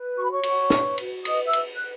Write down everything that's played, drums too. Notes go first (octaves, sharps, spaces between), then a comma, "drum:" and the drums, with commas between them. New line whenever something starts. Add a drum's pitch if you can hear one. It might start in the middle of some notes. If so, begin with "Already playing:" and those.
Already playing: B4
F#4 C#6
B5
C#5 C#6
F#4, drum: cymbal
B4, drum: snare
F#4, drum: cymbal
B4 D#5 D#6, drum: cymbal
E5 E6
B4, drum: cymbal
B4 F#6